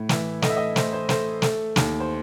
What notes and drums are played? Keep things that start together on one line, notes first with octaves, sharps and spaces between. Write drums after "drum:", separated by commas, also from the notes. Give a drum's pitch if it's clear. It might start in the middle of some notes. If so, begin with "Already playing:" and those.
Already playing: A2
E3 E5, drum: snare
A3 D#5, drum: snare
E5
D#5
A3 C5, drum: snare
C5
A3 C5, drum: snare
A3, drum: snare
D#2, drum: snare
C5